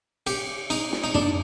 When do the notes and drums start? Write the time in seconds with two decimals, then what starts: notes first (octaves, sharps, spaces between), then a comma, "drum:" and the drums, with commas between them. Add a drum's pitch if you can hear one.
0.27 G4, drum: cymbal
0.70 D#4, drum: cymbal
0.92 drum: snare
1.04 D#4
1.15 D4, drum: tom